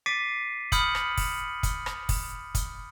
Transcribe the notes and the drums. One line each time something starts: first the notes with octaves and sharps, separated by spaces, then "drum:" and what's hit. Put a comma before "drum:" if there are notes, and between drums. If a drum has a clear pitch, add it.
D6 A6 B6 C7 D7 D#7
B5 D#6 F6 G6 C#7 F#7, drum: kick, hi-hat
drum: rim click
drum: kick, open hi-hat
drum: kick, hi-hat
drum: rim click
drum: kick, open hi-hat
drum: kick, hi-hat